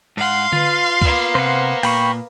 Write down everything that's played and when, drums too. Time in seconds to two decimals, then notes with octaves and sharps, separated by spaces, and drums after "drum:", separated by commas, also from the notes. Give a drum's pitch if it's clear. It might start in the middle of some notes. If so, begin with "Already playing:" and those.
0.17 G#2 F5 F#5 C6
0.53 F4 B4, drum: tom D3
1.02 A#3 B3, drum: kick C#2
1.35 C3 C5 F#5
1.83 A#2 G5 B5 C#6, drum: open hi-hat